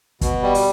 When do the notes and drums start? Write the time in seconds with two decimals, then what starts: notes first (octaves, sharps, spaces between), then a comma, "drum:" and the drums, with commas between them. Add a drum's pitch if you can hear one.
0.21 B2, drum: kick, hi-hat
0.43 G3
0.55 drum: open hi-hat